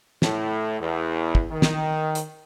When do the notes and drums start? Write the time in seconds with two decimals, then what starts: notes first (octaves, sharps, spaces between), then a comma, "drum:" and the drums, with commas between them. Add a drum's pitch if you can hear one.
0.22 A2, drum: snare
0.80 E2
1.35 drum: kick
1.51 D#3
1.62 drum: snare
2.15 drum: hi-hat